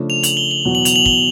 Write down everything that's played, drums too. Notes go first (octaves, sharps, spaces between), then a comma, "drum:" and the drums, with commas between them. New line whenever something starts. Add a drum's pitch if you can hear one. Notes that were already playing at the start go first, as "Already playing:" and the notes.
Already playing: C#3 F3 A3 D4
F7
F#7, drum: hi-hat
G7
F#7
E2 B2 F#3
F#7
F7, drum: hi-hat
F#7
G7, drum: kick